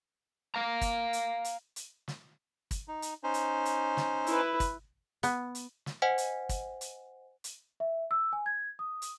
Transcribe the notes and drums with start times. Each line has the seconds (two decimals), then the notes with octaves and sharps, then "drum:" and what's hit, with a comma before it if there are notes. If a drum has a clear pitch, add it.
0.55 F5 A#5
0.81 drum: kick, hi-hat
1.13 drum: hi-hat
1.45 drum: hi-hat
1.76 drum: hi-hat
2.08 drum: snare
2.71 drum: kick, hi-hat
2.88 D#4
3.02 drum: hi-hat
3.23 C#4 D#4 C5
3.34 drum: hi-hat
3.65 drum: hi-hat
3.97 drum: snare
4.27 E4 B4, drum: hi-hat
4.60 drum: kick, hi-hat
5.23 B3, drum: hi-hat
5.55 drum: hi-hat
5.86 drum: snare
6.02 C5 D#5 F#5 G#5
6.18 drum: hi-hat
6.49 drum: kick, hi-hat
6.81 drum: hi-hat
7.44 drum: hi-hat
7.80 E5
8.11 E6
8.33 G#5
8.46 G#6
8.79 D#6
9.02 drum: hi-hat